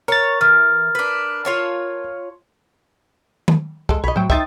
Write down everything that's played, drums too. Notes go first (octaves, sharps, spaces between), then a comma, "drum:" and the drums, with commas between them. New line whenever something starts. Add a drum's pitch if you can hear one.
A#4 C#5 A6
E3 F6
D4 B4
F4 C#5 A5
drum: tom D#3
G#3 A4, drum: kick
B1 C#5 D#5 B5
A2 F#3 C5 G5
D#4 C5 E5 G5 D#6 A6, drum: kick